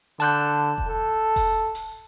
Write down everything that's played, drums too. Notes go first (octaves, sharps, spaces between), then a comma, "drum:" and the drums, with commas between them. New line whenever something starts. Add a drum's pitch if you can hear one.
D3 A5 F#6 G6, drum: hi-hat
drum: kick E1
A4
drum: kick E1, open hi-hat
drum: open hi-hat